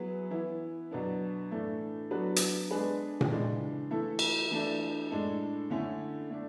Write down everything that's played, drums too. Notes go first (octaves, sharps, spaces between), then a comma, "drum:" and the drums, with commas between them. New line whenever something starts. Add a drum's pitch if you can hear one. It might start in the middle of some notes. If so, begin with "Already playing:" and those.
Already playing: F#3 B3 E4 G#4 B4
E3 B3 E4
B2 F#3 B3 D4
A2 E3 A3 D4
F#3 B3 D4 F#4 B4
drum: hi-hat
G#3 B3 D4 G#4 B4
drum: tom A#2
C#3 E3 G#3 D4
E3 A3 E4 A4
drum: cymbal
E3 A3 D4 A4
A2 G#3 D4 A4
D3 A3 C#4 E4
A3 D4